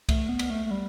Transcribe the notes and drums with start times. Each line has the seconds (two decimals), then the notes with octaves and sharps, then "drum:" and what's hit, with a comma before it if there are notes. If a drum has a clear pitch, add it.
0.09 A3, drum: kick C2, cymbal
0.29 B3
0.39 drum: cymbal
0.50 A3
0.66 A3
0.71 G3